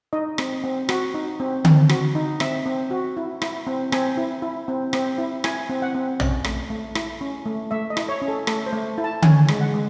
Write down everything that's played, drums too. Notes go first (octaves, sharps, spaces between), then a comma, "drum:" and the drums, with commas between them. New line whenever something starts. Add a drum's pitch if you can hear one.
D#4 D#5
C4, drum: rim click
C4
F#4, drum: rim click
D#4
C4
C4, drum: tom D3
F#4, drum: rim click
D#4
C4 E5, drum: rim click
C4
F#4
E4
E4, drum: rim click
C4
C4 G#5, drum: rim click
E4
E4
C4
C4, drum: rim click
E4
E4 G#5, drum: rim click
C4
F#5
C4
C#4, drum: tom A#1
A3, drum: rim click
A3
E4, drum: rim click
C#4
A3
A3 E5
D#5
E4, drum: rim click
C#5
C#4
A4
A3 A4, drum: rim click
C5
A3
E4
A5
C#4 G#5, drum: tom D3
G#3, drum: rim click
F#5
G#3